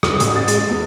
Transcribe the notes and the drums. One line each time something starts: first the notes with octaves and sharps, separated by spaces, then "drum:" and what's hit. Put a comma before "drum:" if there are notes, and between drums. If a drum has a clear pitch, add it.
D#6, drum: rim click
A1, drum: hi-hat
A6
G#3, drum: hi-hat
E2